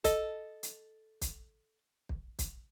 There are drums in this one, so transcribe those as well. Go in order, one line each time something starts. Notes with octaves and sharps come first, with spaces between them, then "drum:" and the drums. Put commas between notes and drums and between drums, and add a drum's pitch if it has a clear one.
A4 D#5, drum: kick, hi-hat
drum: hi-hat
drum: kick, hi-hat
drum: kick
drum: kick, hi-hat